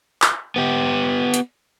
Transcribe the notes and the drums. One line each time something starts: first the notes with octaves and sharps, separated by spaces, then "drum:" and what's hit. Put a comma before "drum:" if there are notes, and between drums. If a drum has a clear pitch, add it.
drum: clap
B3 G4
drum: hi-hat